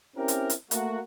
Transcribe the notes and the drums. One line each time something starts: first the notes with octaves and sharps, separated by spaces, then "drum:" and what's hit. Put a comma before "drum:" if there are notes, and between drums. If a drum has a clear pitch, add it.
C4 C#4 E4 G4 A#4
drum: hi-hat
drum: hi-hat
A3 A#3 F#4, drum: hi-hat